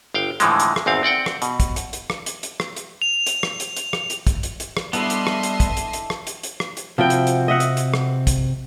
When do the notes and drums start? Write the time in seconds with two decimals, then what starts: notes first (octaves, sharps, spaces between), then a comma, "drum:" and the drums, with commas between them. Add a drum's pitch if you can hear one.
0.14 G1 F5 G5
0.40 A2 D3 E3 F3 G#3, drum: hi-hat
0.60 drum: hi-hat
0.76 drum: rim click
0.86 G#1 E2 C4 F5
1.03 C4 D5 F#5 G5
1.26 drum: rim click
1.42 B2, drum: hi-hat
1.60 drum: kick, hi-hat
1.76 drum: hi-hat
1.93 drum: hi-hat
2.10 drum: rim click
2.26 drum: hi-hat
2.43 drum: hi-hat
2.60 drum: rim click
2.76 drum: hi-hat
3.02 F7
3.26 drum: hi-hat
3.43 drum: rim click
3.60 drum: hi-hat
3.77 drum: hi-hat
3.93 drum: rim click
4.10 drum: hi-hat
4.27 drum: kick, hi-hat
4.43 drum: hi-hat
4.60 drum: hi-hat
4.77 drum: rim click
4.93 G3 B3 D4 E4 A4 D#5 E5 C6, drum: hi-hat
5.10 drum: hi-hat
5.27 drum: rim click
5.43 drum: hi-hat
5.60 drum: kick, hi-hat
5.77 drum: hi-hat
5.93 drum: hi-hat
6.10 drum: rim click
6.27 drum: hi-hat
6.43 drum: hi-hat
6.60 drum: rim click
6.77 drum: hi-hat
6.98 C3 F3 C4 E4 F#4 G5
7.10 drum: hi-hat
7.27 drum: hi-hat
7.48 D#5 E5 F#5
7.60 drum: hi-hat
7.77 drum: hi-hat
7.94 drum: rim click
8.27 drum: kick, hi-hat